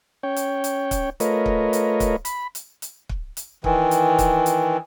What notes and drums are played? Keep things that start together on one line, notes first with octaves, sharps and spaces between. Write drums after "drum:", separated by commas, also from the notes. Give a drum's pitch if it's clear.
C#4 C#5 G5
drum: hi-hat
drum: hi-hat
drum: kick, hi-hat
A3 F4 A#4 B4 C#5 D#5, drum: hi-hat
drum: kick
drum: hi-hat
drum: kick, hi-hat
B5, drum: hi-hat
drum: hi-hat
drum: hi-hat
drum: kick
drum: hi-hat
D#3 E3, drum: kick
drum: hi-hat
drum: kick, hi-hat
drum: hi-hat